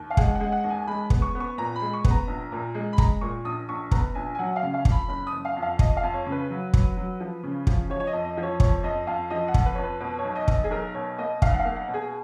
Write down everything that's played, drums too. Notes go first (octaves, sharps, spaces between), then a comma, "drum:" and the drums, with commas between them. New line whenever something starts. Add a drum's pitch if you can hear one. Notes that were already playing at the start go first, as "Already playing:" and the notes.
Already playing: D#2
F5
G#3 F#5, drum: kick
F#5
G#3
F#5
D#2
G#5
G#3 B5
B3, drum: kick
C#6
B3
C#6
A#2 A#5
B5
G#3
C#6
B3, drum: kick
A#5
A#1
A#2
G#3
B5
G#3 A#5, drum: kick
A#2 C#6
A#1 D#6
A#1 C#6
B3 A#5, drum: kick
A#1 G#5
G#5
F#3 F#5
F5
C#3
F5
F2, drum: kick
B5
F#1 B5
D#6
F#1
F5
F2
F5
F2 D#5, drum: kick
F5
F2
C#5
C#3
B4
F#3
F#3, drum: kick
F#3
F3
C#3
F3, drum: kick
F3 C#5
C#5
D#5
F2
D#5
F3
C#5
F2 C#5, drum: kick
F2 D#5
F2 F5
F3 D#5
F#5
F2, drum: kick
B4
C#5
F2
B4
B2 B4
C#5
B1
D#5
B1, drum: kick
D#5
G#4
B1 A#4
B2 C#5
A#3 D#5
B1 F5, drum: kick
F#5
F5
A#3
F#5
B2
G#4